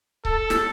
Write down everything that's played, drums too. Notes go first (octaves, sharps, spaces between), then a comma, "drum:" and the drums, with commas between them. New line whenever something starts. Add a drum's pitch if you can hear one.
A4, drum: kick C#1
drum: snare